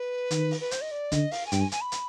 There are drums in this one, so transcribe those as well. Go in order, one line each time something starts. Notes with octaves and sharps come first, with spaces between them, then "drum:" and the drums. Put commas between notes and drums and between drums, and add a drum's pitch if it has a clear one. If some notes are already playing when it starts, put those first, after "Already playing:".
Already playing: B4
D#3, drum: hi-hat
drum: open hi-hat
B4
C5, drum: hi-hat
D#5
D5
D3 D#5, drum: kick, hi-hat
F5, drum: open hi-hat
G#5
G2 G5, drum: hi-hat
G#5
G#5, drum: hi-hat
B5
drum: hi-hat